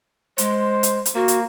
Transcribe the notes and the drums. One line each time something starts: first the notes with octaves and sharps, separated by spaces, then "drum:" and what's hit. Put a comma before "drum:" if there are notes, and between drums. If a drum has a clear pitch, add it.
G#3 C5, drum: hi-hat
drum: hi-hat
drum: hi-hat
A#3 F#4
drum: hi-hat